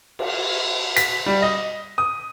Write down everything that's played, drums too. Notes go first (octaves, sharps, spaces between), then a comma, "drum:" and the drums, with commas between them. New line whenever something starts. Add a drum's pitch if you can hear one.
drum: cymbal
B6, drum: hi-hat
G3
D#5
D#6